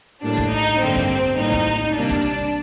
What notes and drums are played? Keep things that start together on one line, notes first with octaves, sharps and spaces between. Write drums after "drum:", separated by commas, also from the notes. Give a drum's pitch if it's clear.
A2 G3 A#3 D4
drum: kick
D#4
G2 D3 G3 A#3 C4
drum: kick
A2 G3 A#3 D#4
drum: kick
C3 G3 A#3 D4
drum: kick